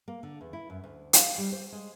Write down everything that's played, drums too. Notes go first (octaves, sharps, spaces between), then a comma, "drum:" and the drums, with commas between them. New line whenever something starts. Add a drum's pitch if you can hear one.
A#3
D3
E2
E4
F#2
D2
F5, drum: hi-hat
G3
C5
G#3